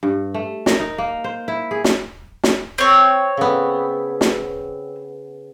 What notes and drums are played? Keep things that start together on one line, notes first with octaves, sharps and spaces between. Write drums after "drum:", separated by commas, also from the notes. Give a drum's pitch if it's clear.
G2
A3
A#4, drum: snare
D#4
A#3
C5
E4
G#4
drum: snare
drum: snare
C4 C#5
C#3 B3
drum: snare